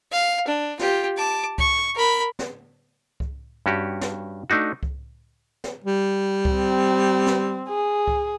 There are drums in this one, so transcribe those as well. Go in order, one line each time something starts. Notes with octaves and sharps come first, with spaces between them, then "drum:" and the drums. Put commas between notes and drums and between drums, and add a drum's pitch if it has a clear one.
F5
D4
F4 G4, drum: snare
A5 D6
C#6, drum: kick C2
A#4 B5
drum: snare
drum: kick C2
G2 C#4 F#4 G4
drum: snare
A3 D4 D#4 F#4
drum: kick C2
drum: snare
G3
drum: kick C2
C4
drum: snare
G#4
drum: kick C2